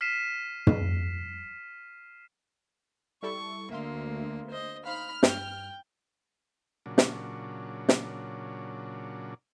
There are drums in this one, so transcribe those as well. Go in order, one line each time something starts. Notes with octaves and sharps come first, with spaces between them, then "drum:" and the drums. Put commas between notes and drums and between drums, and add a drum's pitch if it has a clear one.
F6 B6 C7 D#7 E7
drum: tom
G3 E4 A4 C#6
D2 A#3 E5 F5 C6
C5 D#5
D#4 C5 F5 B5 F6
G2 G5, drum: snare
A#2 C#3 F#3 D4
drum: snare
drum: snare